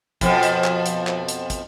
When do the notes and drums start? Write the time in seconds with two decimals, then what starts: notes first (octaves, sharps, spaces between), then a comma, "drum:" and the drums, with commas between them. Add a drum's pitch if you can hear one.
0.21 F2 B2 F3, drum: kick, hi-hat
0.43 drum: hi-hat
0.64 drum: clap
0.86 drum: hi-hat
1.07 drum: clap
1.29 drum: hi-hat
1.50 drum: kick, hi-hat